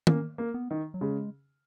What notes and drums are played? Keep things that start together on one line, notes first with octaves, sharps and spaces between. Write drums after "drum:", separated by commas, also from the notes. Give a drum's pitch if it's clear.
A#3 C#4, drum: tom
A#3
B3
D#3
F#3
C#3 G#3